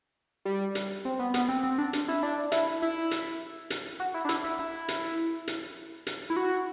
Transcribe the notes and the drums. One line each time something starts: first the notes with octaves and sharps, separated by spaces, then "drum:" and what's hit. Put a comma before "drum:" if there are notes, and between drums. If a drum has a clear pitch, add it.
G3
drum: hi-hat
C4
B3
B3, drum: hi-hat
C4
C4
D4
drum: hi-hat
E4
D4
E4, drum: hi-hat
E4
drum: hi-hat
drum: hi-hat
F#4
E4
D4
E4, drum: hi-hat
E4
E4
drum: hi-hat
drum: hi-hat
drum: hi-hat
E4
F#4